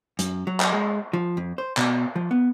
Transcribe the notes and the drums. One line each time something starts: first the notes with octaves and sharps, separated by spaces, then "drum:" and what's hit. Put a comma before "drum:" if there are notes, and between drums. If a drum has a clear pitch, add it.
F#2, drum: hi-hat
F#3
drum: clap
G#3
F3
F2
C5
B2, drum: clap
F3
B3